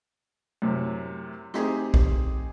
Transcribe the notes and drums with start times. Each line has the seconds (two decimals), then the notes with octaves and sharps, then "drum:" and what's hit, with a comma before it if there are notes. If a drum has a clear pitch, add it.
0.62 F#2 A2 C3
1.54 A3 C4 D#4 G4 G#4, drum: rim click
1.94 drum: kick B1